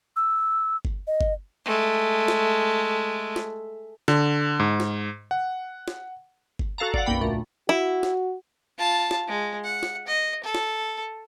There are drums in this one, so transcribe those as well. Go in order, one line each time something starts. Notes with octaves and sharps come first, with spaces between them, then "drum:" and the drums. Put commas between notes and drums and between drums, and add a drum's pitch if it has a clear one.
E6
drum: kick G1
D#5
drum: kick G1
G#3 A3
drum: snare
drum: snare
D3, drum: snare
G#2
drum: snare
F#5
drum: snare
drum: kick G1
F#4 A4 F5 A5 A#5
D5 F5 F#5, drum: kick G1
B1 F#2 A#3 G5 B5
D2 A#2 A3
E4 F#4
drum: snare
F4 A5
drum: snare
G#3
F#5
drum: snare
D#5
A4
drum: snare